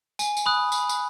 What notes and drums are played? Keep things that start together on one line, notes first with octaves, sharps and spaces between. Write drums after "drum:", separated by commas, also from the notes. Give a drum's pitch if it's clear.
G#5, drum: tambourine
drum: tambourine
B5 D#6 F#6
drum: tambourine
drum: tambourine